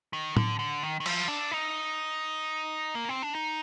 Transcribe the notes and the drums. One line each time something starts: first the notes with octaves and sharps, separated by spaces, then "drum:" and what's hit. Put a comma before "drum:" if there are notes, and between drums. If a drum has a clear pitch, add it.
D#3
D3, drum: tom A2
D3
D#3
D#3
F3, drum: cymbal
D4
D#4
A#3
C4
D4
D#4